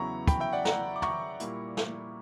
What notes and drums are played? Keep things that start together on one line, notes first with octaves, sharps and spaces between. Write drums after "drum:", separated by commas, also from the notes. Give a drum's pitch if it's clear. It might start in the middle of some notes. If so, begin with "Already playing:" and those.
Already playing: E2 C#3 F#3 B3 E4 A#5 C#6
G5 B5, drum: kick, hi-hat
E5 G5
D5 F#5
F#5 A#5, drum: snare
D6
A#5 C#6, drum: tom
A#2 G3 A#3 E4, drum: hi-hat
drum: snare